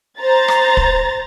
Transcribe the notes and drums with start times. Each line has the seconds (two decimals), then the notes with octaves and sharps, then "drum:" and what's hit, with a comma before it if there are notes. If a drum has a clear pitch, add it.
0.20 C5 A#5 A6
0.48 drum: rim click
0.77 drum: kick